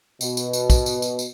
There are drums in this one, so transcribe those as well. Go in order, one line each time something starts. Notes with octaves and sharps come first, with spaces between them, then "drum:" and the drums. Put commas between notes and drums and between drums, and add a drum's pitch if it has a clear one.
B2, drum: tambourine
drum: tambourine
drum: tambourine
drum: kick, tambourine
drum: tambourine
drum: tambourine
drum: tambourine